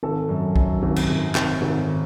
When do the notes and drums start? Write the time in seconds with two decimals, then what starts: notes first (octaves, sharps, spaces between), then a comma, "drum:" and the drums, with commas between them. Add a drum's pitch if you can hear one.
0.03 G#1 A4
0.29 F#2
0.56 F#2, drum: kick B1
0.83 G#1
0.96 drum: cymbal
1.10 G#1
1.35 G#1, drum: clap
1.62 G#1